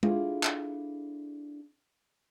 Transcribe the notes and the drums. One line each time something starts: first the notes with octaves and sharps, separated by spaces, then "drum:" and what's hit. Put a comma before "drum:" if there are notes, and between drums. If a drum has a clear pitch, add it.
D4 E4 F4 G#4 A4, drum: tom G#3
drum: clap